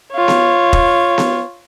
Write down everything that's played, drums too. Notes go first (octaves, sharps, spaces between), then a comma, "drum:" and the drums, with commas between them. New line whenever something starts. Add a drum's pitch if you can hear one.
F4 C#5
drum: snare B3
drum: kick
drum: snare B3